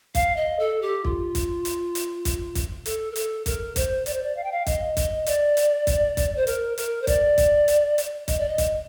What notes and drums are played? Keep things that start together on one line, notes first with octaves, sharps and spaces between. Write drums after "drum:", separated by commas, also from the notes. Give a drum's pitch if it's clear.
F5, drum: kick, hi-hat
D#5
A4
G4
F4, drum: kick
drum: kick, hi-hat
drum: hi-hat
drum: hi-hat
drum: kick, hi-hat
drum: kick, hi-hat
A4, drum: hi-hat
A#4
A4, drum: hi-hat
A#4, drum: kick, hi-hat
C5, drum: kick, hi-hat
D5, drum: hi-hat
C5
D5
F5
G5
F5
D#5, drum: kick, hi-hat
D#5, drum: kick, hi-hat
D5, drum: hi-hat
drum: hi-hat
drum: kick, hi-hat
drum: kick, hi-hat
C5
A#4, drum: hi-hat
A#4, drum: hi-hat
C5
D5, drum: kick, hi-hat
drum: kick, hi-hat
drum: hi-hat
drum: hi-hat
D#5, drum: kick, hi-hat
D5
D#5
drum: kick, hi-hat